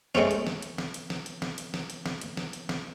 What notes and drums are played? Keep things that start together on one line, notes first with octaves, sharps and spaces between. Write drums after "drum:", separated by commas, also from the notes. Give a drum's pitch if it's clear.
G#3 A3 C4 C#4, drum: snare
drum: hi-hat
drum: snare
drum: hi-hat
drum: snare
drum: hi-hat
drum: snare
drum: hi-hat
drum: snare
drum: hi-hat
drum: snare
drum: hi-hat
drum: snare
drum: hi-hat
drum: snare
drum: hi-hat
drum: snare